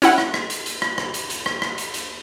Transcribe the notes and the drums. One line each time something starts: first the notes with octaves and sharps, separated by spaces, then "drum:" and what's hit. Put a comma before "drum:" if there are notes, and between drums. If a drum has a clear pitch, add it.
C#4 E4 F#5, drum: hi-hat
drum: rim click
drum: rim click
drum: hi-hat
drum: hi-hat
drum: rim click
drum: rim click
drum: hi-hat
drum: hi-hat
drum: rim click
drum: rim click
drum: hi-hat
drum: hi-hat